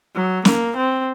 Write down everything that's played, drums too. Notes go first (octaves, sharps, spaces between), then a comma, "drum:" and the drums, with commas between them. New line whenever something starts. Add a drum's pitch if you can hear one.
F#3
A#3, drum: snare
C4